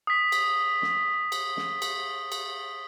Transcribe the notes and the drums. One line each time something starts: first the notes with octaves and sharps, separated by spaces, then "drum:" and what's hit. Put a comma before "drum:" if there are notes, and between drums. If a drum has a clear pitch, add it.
D#6 B6
drum: cymbal
drum: snare
drum: cymbal
drum: snare
drum: cymbal
drum: cymbal